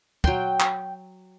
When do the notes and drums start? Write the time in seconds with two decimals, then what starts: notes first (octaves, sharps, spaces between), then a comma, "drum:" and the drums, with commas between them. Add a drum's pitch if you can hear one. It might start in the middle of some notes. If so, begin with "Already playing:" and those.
0.24 F#3 G5 C6, drum: kick
0.60 drum: clap